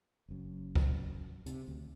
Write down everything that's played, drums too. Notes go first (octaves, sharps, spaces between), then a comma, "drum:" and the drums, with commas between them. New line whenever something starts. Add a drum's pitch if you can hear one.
F#1 F#2
drum: kick
C3, drum: hi-hat
D2